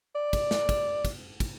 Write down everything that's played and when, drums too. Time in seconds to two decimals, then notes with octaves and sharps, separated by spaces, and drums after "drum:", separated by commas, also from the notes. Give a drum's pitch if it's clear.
0.15 D5
0.33 drum: kick, cymbal
0.51 drum: snare
0.69 drum: kick, cymbal
1.05 drum: kick, cymbal
1.40 drum: kick, cymbal